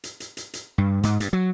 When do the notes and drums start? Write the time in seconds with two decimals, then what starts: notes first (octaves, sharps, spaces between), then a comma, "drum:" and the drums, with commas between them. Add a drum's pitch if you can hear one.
0.04 drum: hi-hat
0.20 drum: hi-hat
0.37 drum: hi-hat
0.53 drum: hi-hat
0.78 G2
1.03 G#2, drum: hi-hat
1.20 G2, drum: hi-hat
1.33 F#3